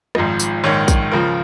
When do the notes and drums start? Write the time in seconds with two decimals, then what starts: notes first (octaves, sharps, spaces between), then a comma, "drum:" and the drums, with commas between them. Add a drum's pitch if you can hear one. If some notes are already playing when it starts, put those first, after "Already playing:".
0.15 G#1 G#2 F3 D#5, drum: rim click
0.40 drum: tambourine
0.64 A#1 G#2 D#3 C#5
0.88 drum: kick, tambourine
1.11 C#2 C#3 F3 A#4